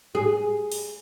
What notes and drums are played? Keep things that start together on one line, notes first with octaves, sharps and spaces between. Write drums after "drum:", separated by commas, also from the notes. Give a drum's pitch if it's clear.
G#4
drum: open hi-hat